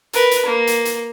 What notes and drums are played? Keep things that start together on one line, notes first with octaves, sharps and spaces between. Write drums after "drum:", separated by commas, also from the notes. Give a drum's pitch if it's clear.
A#4 B4, drum: hi-hat
drum: hi-hat
A#3
drum: hi-hat
drum: hi-hat